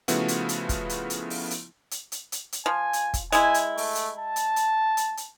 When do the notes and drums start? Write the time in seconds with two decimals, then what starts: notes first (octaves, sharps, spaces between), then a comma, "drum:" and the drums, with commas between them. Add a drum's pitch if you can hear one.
0.08 C#3 F3 A3 B3 E4 F#4, drum: hi-hat
0.28 drum: hi-hat
0.49 drum: hi-hat
0.69 drum: kick, hi-hat
0.89 drum: hi-hat
1.10 drum: hi-hat
1.30 drum: open hi-hat
1.51 drum: hi-hat
1.91 drum: hi-hat
2.12 drum: hi-hat
2.32 drum: hi-hat
2.52 drum: hi-hat
2.66 F3 G#5
2.93 drum: hi-hat
3.14 drum: kick, hi-hat
3.32 G#3 E4 G#5, drum: hi-hat
3.54 drum: hi-hat
3.78 A3, drum: open hi-hat
3.95 drum: hi-hat
4.19 A5
4.36 drum: hi-hat
4.56 drum: hi-hat
4.97 drum: hi-hat
5.17 drum: hi-hat